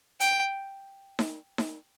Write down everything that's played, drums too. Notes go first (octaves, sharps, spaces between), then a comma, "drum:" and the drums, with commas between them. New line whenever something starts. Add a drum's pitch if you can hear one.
G5, drum: hi-hat
drum: snare D#4
drum: snare D#4